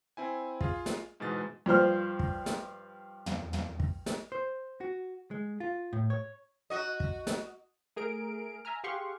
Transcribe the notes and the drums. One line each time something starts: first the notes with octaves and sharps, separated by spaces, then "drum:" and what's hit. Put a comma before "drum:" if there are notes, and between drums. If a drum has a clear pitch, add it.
C4 E4 G#5
F4 G#4 F5, drum: kick
drum: snare
G#2 B2 E3 G#3 A6
G2 F3 C5 F6
drum: kick
drum: snare
drum: tom
drum: tom
drum: kick
drum: snare
C5
F#4
G#3
F4
A2
C#5
F#4 D#5
drum: kick
drum: snare
A3 G#4 A#4 D7
E5 G#5 A#5 F6
G4 G#4 F5 F#5 C6 C#6